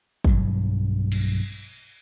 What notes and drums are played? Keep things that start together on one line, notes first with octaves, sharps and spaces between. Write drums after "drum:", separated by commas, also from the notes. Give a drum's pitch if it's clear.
B1 G2 F#3, drum: kick
drum: cymbal